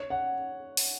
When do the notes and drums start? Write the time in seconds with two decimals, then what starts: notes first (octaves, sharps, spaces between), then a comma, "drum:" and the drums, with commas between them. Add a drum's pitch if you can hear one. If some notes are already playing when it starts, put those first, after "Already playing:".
Already playing: C#5
0.10 F#5
0.77 drum: open hi-hat